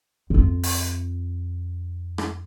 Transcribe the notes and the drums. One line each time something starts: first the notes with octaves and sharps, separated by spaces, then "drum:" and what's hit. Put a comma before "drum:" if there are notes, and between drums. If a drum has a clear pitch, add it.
F2 F4
drum: open hi-hat
drum: rim click